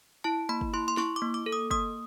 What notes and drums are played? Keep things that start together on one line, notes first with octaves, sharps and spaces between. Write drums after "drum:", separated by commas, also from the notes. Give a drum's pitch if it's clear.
E4 A5
A#3 B5
drum: kick
E4 C6
C6
E4 C#6, drum: snare
D6
A#3
D6
A4
D#6
A#3 D#6, drum: kick